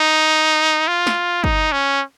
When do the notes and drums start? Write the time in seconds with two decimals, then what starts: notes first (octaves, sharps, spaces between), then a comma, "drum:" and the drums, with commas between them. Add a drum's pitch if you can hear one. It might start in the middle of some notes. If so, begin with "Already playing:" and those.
Already playing: D#4
0.88 F4
1.07 drum: snare
1.44 D#4, drum: kick
1.72 C#4